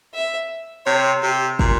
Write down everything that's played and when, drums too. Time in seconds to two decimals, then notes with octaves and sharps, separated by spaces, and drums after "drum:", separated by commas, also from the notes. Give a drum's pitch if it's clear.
0.14 E5
0.86 C3 C#5
1.23 C3 G4
1.59 A#2, drum: kick